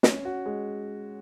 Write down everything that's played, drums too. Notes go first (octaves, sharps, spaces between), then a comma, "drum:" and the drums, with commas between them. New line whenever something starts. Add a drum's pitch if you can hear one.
C#4, drum: snare
F#4
G#3